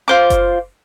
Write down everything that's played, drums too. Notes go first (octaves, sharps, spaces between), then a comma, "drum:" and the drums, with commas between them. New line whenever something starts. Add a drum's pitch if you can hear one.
F4 C5 D6
drum: kick F#1, hi-hat